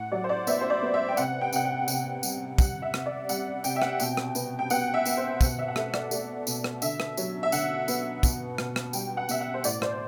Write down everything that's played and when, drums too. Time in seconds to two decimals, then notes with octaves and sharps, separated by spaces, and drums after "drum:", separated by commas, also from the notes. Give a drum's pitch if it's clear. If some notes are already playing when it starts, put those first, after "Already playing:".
Already playing: A2 F#5
0.12 F#3 D5
0.24 C5
0.29 D5
0.47 B3 E5, drum: tambourine
0.61 C5
0.70 D5
0.82 B3
0.94 E5
1.09 G5
1.17 C3 F#5, drum: tambourine
1.41 G5
1.53 C3 F#5, drum: tambourine
1.65 G5
1.88 C3, drum: tambourine
2.23 G3, drum: tambourine
2.58 G3 F#5, drum: kick, tambourine
2.82 E5
2.94 C3, drum: rim click
3.06 D5
3.29 G3 F#5, drum: tambourine
3.64 C3 G5, drum: tambourine
3.76 E5
3.82 F#5, drum: rim click
4.00 B2 G5, drum: tambourine
4.17 drum: rim click
4.35 B3, drum: tambourine
4.59 G5
4.70 B3 F#5, drum: tambourine
4.94 E5
5.05 B3, drum: tambourine
5.17 C5
5.41 B2 F#5, drum: kick, tambourine
5.59 E5
5.68 F#5
5.76 A3 E5, drum: rim click
5.94 D5, drum: rim click
6.11 A3, drum: tambourine
6.47 B2, drum: tambourine
6.64 drum: rim click
6.82 D3 E5, drum: tambourine
7.00 drum: rim click
7.17 F#3, drum: tambourine
7.43 E5
7.52 D3 F#5, drum: tambourine
7.88 B3, drum: tambourine
8.23 B2, drum: kick, tambourine
8.58 B2, drum: rim click
8.76 drum: rim click
8.93 G3 G5, drum: tambourine
9.17 F#5
9.29 B2 E5, drum: tambourine
9.41 F#5
9.54 C5
9.64 A2 D5, drum: tambourine
9.82 C5, drum: rim click